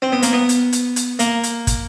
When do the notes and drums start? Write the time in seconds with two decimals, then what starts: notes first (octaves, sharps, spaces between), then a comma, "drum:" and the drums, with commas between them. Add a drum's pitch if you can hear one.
0.02 C4
0.12 B3
0.22 A#3, drum: hi-hat
0.33 B3
0.49 drum: hi-hat
0.73 drum: hi-hat
0.96 drum: hi-hat
1.19 A#3, drum: hi-hat
1.43 drum: hi-hat
1.67 drum: kick, hi-hat